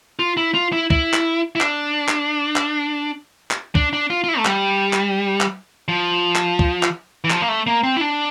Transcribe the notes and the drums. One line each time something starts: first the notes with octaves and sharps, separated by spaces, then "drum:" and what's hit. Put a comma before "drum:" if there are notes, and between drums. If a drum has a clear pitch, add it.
F4
E4
F4
E4
E4, drum: kick
drum: clap
E4
D4, drum: clap
drum: clap
drum: clap
drum: clap
D4, drum: kick
D4
F4
F4
E4
A3
G3, drum: clap
drum: clap
drum: clap
F3
drum: clap
drum: kick
drum: clap
E3
F3, drum: clap
A#3
A3
A#3
C4
E4
D4